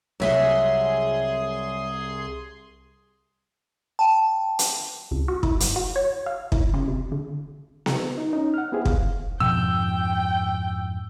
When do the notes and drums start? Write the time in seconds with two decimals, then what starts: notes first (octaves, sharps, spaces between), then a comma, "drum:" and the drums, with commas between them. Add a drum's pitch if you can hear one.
0.20 C2 F#3 G#4 E5 F#5 C6
3.99 G5 A5
4.59 drum: hi-hat
5.11 C#2
5.28 F#4
5.43 E4, drum: kick
5.60 G1, drum: hi-hat
5.76 F#4
5.96 C#5
6.26 F5
6.52 E4, drum: kick
6.74 C#3
6.88 C3
7.12 D3
7.86 drum: snare B3
8.18 D#4
8.33 C#4 D#4
8.54 F#5 F6
8.72 B3 E4 G4 G#4 C5
8.85 F5, drum: kick
9.40 F2 G#2 B2 F3 G5 E6